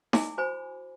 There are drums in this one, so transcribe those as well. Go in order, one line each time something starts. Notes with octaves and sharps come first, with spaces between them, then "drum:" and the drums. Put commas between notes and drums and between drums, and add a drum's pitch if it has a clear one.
E4 G#5 D6, drum: snare D#4
F#4 C5 G#5 B5